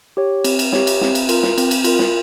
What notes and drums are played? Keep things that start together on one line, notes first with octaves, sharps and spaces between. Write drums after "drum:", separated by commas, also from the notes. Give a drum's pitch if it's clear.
G4 C#5
C4, drum: cymbal
drum: cymbal
G4 C#5, drum: snare
drum: cymbal
C4, drum: snare
drum: cymbal
F4 A#4, drum: cymbal
drum: snare
C4, drum: cymbal
drum: cymbal
F4 A#4, drum: cymbal
drum: snare